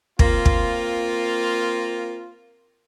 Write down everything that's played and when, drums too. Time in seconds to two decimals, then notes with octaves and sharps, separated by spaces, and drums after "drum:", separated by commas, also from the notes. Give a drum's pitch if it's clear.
0.19 A#3 C4 F4, drum: kick
0.45 drum: kick